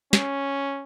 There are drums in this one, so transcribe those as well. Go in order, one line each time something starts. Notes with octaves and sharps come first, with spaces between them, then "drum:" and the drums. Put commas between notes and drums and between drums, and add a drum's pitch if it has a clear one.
C#4, drum: snare